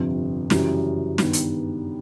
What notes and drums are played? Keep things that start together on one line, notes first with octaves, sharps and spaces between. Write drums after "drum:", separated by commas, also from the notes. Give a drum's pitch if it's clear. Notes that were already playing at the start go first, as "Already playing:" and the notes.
Already playing: G1 F2 C3 F3
F#2 C#3 E3 G3, drum: snare
G2 D#3 G3 B3, drum: snare
drum: hi-hat